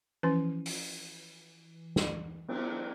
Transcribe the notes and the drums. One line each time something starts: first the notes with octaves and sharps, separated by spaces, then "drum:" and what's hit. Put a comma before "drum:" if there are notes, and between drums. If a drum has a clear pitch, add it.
E3 F3 C#4 B4
drum: open hi-hat
drum: snare
drum: cymbal